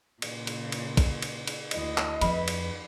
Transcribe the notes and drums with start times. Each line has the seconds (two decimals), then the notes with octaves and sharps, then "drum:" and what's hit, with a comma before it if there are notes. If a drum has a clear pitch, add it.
0.22 A#2 C#3, drum: cymbal
0.47 drum: cymbal
0.72 drum: cymbal
0.97 drum: kick, cymbal
1.22 drum: cymbal
1.47 drum: cymbal
1.71 D2 E4 D#5, drum: cymbal
1.98 drum: clap
2.21 F2 F3 B4 B5, drum: cymbal
2.48 drum: cymbal